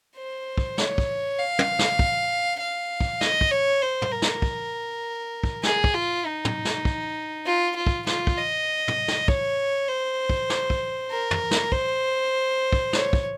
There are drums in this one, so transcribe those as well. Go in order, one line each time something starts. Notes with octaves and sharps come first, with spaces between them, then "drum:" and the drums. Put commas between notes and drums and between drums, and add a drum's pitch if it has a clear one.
C5
drum: kick
C#5, drum: snare
drum: kick
F5
drum: tom
drum: snare
drum: kick
F5
drum: kick
D#5, drum: snare
drum: kick
C#5
C5
drum: tom
A#4
drum: snare
drum: kick
drum: kick
G#4, drum: snare
drum: kick
F4
D#4
drum: tom
drum: snare
drum: kick
F4
F4
drum: kick
F4, drum: snare
drum: kick
D#5
drum: tom
drum: snare
C#5, drum: kick
C5
drum: kick
drum: snare
drum: kick
A#4
drum: tom
drum: snare
C5, drum: kick
drum: kick
C#5, drum: snare
drum: kick